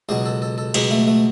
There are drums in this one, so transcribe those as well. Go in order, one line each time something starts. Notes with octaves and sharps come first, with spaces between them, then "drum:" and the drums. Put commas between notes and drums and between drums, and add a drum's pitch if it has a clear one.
C#2 B2 F#3 G#4
A4
A4
A4
C#2 B2 F#3 G#4, drum: cymbal
A3
A3